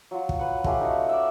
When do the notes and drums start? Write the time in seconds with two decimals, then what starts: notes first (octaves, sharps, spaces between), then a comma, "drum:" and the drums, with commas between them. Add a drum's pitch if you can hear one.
0.11 F#3 F4
0.29 drum: kick
0.39 B4 F#5
0.64 A3 C#4 F4 G4, drum: kick
0.80 D#4 F#4
1.09 D5 E5